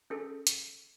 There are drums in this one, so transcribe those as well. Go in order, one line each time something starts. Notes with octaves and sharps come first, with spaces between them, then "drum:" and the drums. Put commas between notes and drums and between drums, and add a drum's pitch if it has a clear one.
C#4 G#4 A4
drum: hi-hat